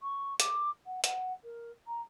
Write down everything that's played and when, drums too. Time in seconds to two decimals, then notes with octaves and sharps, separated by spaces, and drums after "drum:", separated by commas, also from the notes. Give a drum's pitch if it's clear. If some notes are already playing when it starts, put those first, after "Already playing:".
0.03 C#6
0.40 D6, drum: hi-hat
0.86 F#5
1.04 F#5, drum: hi-hat
1.44 A#4
1.87 A#5